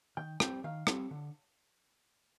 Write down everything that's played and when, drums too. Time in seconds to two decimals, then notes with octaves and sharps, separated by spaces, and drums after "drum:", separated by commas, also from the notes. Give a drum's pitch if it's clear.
0.17 D#3 G5
0.40 G3 C4 G5, drum: rim click
0.64 D#3 F5
0.87 G3 C4, drum: rim click
1.11 D3